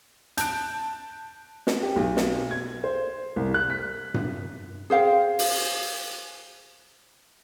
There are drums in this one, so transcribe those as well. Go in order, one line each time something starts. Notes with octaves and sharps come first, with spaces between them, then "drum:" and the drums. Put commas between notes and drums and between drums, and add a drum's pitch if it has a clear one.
A5 F#6 G6 D7, drum: hi-hat
drum: snare
G4
B1
drum: snare
G#6
C5
C2
F#6
B6
drum: tom G2
G#4 C5 F5 G5
drum: open hi-hat